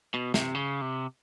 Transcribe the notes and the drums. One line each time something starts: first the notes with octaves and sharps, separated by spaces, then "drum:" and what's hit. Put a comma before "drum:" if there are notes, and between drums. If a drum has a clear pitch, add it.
B2
C3, drum: snare
C#3
C3